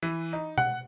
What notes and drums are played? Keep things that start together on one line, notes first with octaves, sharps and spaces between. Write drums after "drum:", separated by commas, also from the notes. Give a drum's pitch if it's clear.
E3
D#4
F#5, drum: tom B2